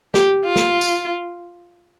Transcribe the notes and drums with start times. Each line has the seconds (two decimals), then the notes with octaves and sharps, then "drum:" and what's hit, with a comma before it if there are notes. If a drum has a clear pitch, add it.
0.14 G4, drum: snare
0.45 F4
0.56 drum: snare
0.81 drum: tambourine